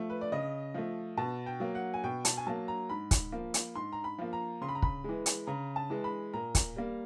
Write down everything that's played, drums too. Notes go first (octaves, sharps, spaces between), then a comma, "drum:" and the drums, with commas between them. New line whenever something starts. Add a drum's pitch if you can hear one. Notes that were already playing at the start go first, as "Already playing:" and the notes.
Already playing: F3 A3
B4
D5
C#3 D#5
F3 A3
B2 A5
G5
F#3 A#3
F#5
G#5
B2 G5
A5, drum: hi-hat
G#5
F#3 A#3 A5
A#5
G#2 B5
drum: kick, hi-hat
F3 A#3
drum: hi-hat
G#2 C6
A#5
B5
F3 A#3
A#5
C#3 C6
B5
A#5
B5, drum: kick
E3 G#3
drum: hi-hat
C#3 A#5
A5
E3 G#3
B5
A#2 A#5
drum: kick, hi-hat
G3 A#3